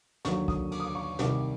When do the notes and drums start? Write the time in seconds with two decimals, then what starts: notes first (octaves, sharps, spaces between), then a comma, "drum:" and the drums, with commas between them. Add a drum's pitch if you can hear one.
0.25 D#2 D3 F#3 C#6, drum: snare
0.48 D#6, drum: kick
0.72 D6, drum: cymbal
0.80 D#6
0.87 D6
0.95 C#6
1.19 C2 C3 D#3 G3 D6, drum: snare